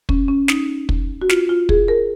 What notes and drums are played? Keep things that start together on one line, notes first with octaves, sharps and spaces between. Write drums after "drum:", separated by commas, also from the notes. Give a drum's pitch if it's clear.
C#4, drum: kick
C#4
D#4, drum: snare
drum: kick
F#4
F4, drum: snare
F4
G#4, drum: kick
A#4